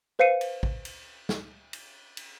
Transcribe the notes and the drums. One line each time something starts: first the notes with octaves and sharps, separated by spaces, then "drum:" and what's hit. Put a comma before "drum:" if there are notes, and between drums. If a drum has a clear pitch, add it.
B4 C5 F5 C7 C#7 D#7
drum: cymbal
drum: kick A1
drum: cymbal
drum: snare
drum: cymbal
drum: cymbal